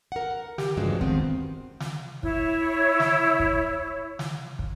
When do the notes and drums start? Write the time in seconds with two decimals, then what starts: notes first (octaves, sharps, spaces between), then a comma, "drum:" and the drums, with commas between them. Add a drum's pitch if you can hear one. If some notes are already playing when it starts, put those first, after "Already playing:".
0.12 A#4 F#5
0.58 G4, drum: snare
0.77 E2 G2 C#3 F3 G#3 F#4
1.01 D#3 B3 C4, drum: kick
1.80 drum: snare
2.23 E4 C#5, drum: kick
3.00 drum: snare
3.40 drum: kick
4.19 drum: snare
4.59 drum: kick